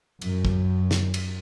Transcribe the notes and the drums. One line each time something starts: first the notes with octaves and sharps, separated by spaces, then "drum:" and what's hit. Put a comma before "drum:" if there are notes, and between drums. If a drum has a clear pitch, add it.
F#2, drum: cymbal
drum: kick
drum: snare
drum: cymbal